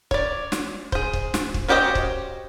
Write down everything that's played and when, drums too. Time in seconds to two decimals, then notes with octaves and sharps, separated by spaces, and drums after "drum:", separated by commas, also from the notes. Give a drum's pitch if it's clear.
0.11 C#5 D5, drum: kick
0.52 drum: snare
0.92 G#4 C5, drum: kick
1.13 drum: kick
1.34 drum: snare
1.54 drum: kick
1.68 C#4 F#4 G4 C5 D#5
1.95 drum: kick